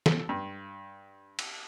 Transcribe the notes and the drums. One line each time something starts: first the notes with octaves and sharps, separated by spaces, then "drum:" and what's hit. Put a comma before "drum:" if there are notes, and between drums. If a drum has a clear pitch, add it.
A4, drum: snare
G2
drum: cymbal